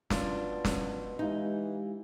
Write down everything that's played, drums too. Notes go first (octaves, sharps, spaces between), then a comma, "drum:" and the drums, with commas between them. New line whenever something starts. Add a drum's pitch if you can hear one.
B2 D4 F4, drum: snare
drum: snare
E3 G#3 D#4 G4 F5